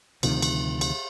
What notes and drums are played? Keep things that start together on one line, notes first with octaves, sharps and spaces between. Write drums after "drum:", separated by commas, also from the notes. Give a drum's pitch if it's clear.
D2 C3 D#3 F3, drum: cymbal
drum: cymbal
drum: cymbal